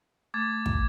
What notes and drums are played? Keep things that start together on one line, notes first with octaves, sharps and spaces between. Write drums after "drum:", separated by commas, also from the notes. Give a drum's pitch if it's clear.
A3 D6 G#6 A6
drum: kick